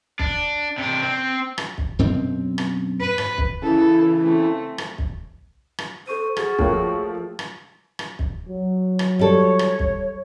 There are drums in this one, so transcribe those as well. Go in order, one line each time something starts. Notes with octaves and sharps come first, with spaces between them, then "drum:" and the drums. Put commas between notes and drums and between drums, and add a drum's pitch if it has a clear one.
D4, drum: kick
C3 D4
C4
drum: rim click
drum: kick
F#2 B2 C4
drum: rim click
B4
drum: rim click
drum: kick
C#3 E3 E4 A4
A3 C4
drum: rim click
drum: kick
drum: rim click
A4 C5 C#6 D#7
F#4 G#4 F6 G#6 A6, drum: rim click
F3 A3 A#3 F4 C#5 G5, drum: kick
drum: rim click
drum: rim click
drum: kick
F#3
drum: rim click
G3 A4 C#5
drum: rim click
drum: kick